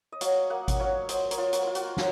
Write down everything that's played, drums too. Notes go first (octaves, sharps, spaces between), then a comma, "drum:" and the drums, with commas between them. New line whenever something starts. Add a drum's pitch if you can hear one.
D#5
F#3 C#5 F5, drum: hi-hat
A#3 D#5 F#5
F#5, drum: kick G#1, hi-hat
F#3 C#5 F5
F#3 C5 D#5, drum: hi-hat
A#4 C#5, drum: hi-hat
F4
F#4 A#4, drum: hi-hat
F4
F#4, drum: hi-hat
F#3, drum: snare